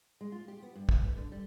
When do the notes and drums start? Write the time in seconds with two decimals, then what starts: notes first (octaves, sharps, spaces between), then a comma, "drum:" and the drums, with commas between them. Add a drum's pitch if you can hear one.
0.21 G#3
0.32 F4
0.48 G4
0.62 B3
0.75 G2
0.89 A2, drum: kick
1.04 B4
1.17 D3
1.32 G3